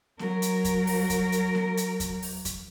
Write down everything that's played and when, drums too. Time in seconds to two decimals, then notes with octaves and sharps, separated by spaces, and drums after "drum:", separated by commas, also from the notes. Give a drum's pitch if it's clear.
0.19 F#3 A#4, drum: snare B3
0.42 drum: hi-hat
0.64 drum: kick E2, hi-hat
0.87 drum: open hi-hat
1.10 drum: kick E2, hi-hat
1.32 drum: hi-hat
1.55 drum: snare B3
1.77 drum: hi-hat
2.00 drum: kick E2, hi-hat
2.22 drum: open hi-hat
2.45 drum: kick E2, hi-hat